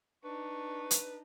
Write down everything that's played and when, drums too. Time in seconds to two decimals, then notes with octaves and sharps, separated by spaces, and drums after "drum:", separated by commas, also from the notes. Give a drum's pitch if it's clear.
0.24 D4 D#4 B4 C#6
0.91 drum: hi-hat